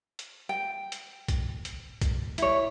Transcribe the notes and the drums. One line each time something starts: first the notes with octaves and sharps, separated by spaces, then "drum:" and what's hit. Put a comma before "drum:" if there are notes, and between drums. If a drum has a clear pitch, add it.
drum: hi-hat
G5
drum: hi-hat
drum: kick, hi-hat
drum: hi-hat
drum: kick, hi-hat
E4 C#5, drum: hi-hat